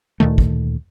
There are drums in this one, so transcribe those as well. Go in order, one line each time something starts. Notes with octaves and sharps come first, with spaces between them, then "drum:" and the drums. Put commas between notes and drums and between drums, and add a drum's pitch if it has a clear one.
D2 A#2 D#3 A3
drum: kick